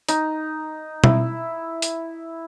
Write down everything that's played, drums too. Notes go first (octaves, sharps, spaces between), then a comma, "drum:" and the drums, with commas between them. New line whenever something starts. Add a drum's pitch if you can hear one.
D#4, drum: hi-hat
E4, drum: tom B2
drum: hi-hat